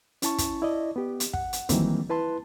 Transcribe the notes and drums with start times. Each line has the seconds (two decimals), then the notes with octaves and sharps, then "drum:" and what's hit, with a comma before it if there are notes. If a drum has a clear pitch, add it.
0.22 C#4 E4 A5 C#6, drum: hi-hat
0.38 drum: kick, hi-hat
0.62 E4 D5 D#5
0.96 B3 G4
1.20 drum: hi-hat
1.33 F#5, drum: kick
1.53 drum: hi-hat
1.69 D#3 E3 F#3 G3 A#3 C4, drum: kick, hi-hat
2.09 E4 B4 A5 C6